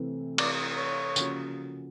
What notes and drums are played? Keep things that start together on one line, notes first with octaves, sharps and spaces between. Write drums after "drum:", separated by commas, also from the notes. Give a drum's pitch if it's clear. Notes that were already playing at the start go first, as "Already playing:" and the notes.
Already playing: C3 E3 A3 C4 E4
D5, drum: cymbal
C#5
C#3 F3 A#3 C#4 F#4, drum: tambourine